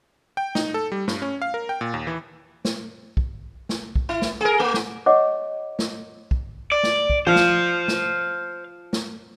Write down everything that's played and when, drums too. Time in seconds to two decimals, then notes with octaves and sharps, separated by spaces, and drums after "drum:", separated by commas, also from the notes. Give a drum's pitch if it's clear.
0.37 G5
0.55 D#4, drum: snare
0.74 A4
0.92 G3
1.08 G2, drum: snare
1.22 C#4
1.42 F5
1.54 A#4
1.69 G5
1.81 A#2
1.94 D#2
2.07 E3
2.65 drum: snare
3.17 drum: kick
3.69 drum: snare
3.96 drum: kick
4.09 E4
4.22 drum: snare
4.41 G#4 A#4
4.60 A3
4.74 drum: snare
5.06 G4 C#5 D#5 F#5 D6
5.79 drum: snare
6.31 drum: kick
6.72 D5
6.83 drum: snare
7.10 drum: kick
7.27 F3 C5 F5
7.36 drum: snare
7.88 drum: snare
8.93 drum: snare